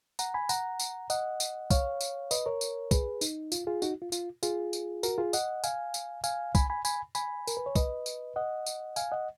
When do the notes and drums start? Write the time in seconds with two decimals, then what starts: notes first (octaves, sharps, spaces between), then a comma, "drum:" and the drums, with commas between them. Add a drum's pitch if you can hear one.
0.19 F#5 A#5, drum: tambourine
0.34 G#5 B5
0.49 F#5 A#5, drum: tambourine
0.80 drum: tambourine
1.10 D#5 F#5, drum: tambourine
1.40 drum: tambourine
1.70 C#5 F5, drum: kick, tambourine
2.01 drum: tambourine
2.31 B4 D#5, drum: tambourine
2.46 A#4 C#5
2.61 drum: tambourine
2.91 G#4 B4, drum: kick, tambourine
3.21 D#4, drum: tambourine
3.52 F4, drum: tambourine
3.67 F4 G#4
3.82 D#4 F#4, drum: tambourine
4.02 F4
4.12 F4, drum: tambourine
4.43 F4 G#4, drum: tambourine
4.73 drum: tambourine
5.03 F#4 A#4, drum: tambourine
5.18 F4 G#4
5.33 D#5 F#5, drum: tambourine
5.64 F5 G#5, drum: tambourine
5.94 drum: tambourine
6.24 F5 G#5, drum: tambourine
6.55 G#5 B5, drum: kick, tambourine
6.70 G#5 B5
6.85 G#5 B5, drum: tambourine
7.15 G#5 B5, drum: tambourine
7.47 A#4, drum: tambourine
7.57 B4
7.66 C#5
7.76 B4 D#5, drum: kick, tambourine
8.06 drum: tambourine
8.36 D#5 F#5
8.66 drum: tambourine
8.96 F5 G#5, drum: tambourine
9.11 D#5 F#5